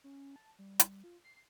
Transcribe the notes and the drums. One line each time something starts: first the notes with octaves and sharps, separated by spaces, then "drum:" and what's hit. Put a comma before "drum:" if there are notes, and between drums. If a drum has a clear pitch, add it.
C#4
A5
G3
drum: hi-hat
F4
C7